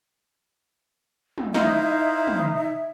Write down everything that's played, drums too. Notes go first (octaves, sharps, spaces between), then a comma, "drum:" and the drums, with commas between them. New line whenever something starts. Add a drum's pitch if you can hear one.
drum: tom
D#4 E4 C5 E5 F5, drum: snare
drum: tom